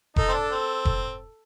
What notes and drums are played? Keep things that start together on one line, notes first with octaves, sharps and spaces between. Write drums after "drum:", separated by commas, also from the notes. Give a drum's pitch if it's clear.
D#4 A4, drum: kick F1
C4
D4
C4
drum: kick F1